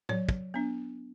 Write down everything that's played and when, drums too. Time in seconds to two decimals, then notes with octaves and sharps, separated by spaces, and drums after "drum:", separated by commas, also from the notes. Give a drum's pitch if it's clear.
0.09 F#3 C#5, drum: tom
0.29 drum: kick
0.54 B3 D4